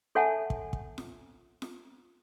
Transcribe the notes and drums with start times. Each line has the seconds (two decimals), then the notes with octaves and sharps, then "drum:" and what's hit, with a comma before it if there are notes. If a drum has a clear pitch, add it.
0.15 A4 C#5 E5 F#5 G#5 A5
0.50 drum: kick
0.73 drum: kick
0.98 drum: snare F4
1.62 drum: snare F4